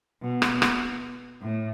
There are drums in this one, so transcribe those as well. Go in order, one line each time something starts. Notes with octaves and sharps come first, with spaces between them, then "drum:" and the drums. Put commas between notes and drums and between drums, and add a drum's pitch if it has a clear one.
B2
drum: rim click
drum: rim click
A2